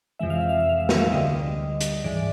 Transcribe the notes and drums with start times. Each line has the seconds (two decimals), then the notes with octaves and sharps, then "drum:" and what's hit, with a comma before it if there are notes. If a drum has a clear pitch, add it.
0.19 F2 C3 E3 G#3 E5
0.30 F5
0.40 E5
0.49 F5
0.60 E5
0.69 F5
0.80 E5
0.89 F5, drum: snare
0.99 E5
1.12 D2 D3 G3 D#5
1.81 drum: hi-hat
2.04 G#2 E3 G#3 D5